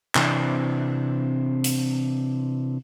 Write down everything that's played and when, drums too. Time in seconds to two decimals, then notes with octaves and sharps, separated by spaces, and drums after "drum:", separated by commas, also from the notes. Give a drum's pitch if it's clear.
0.15 C3 E3 C4 D4, drum: clap
1.64 drum: hi-hat